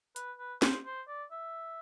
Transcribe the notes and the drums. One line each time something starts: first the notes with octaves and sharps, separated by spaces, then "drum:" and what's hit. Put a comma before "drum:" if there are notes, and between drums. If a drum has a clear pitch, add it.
B4, drum: hi-hat
B4
C5, drum: snare
C5
D5
E5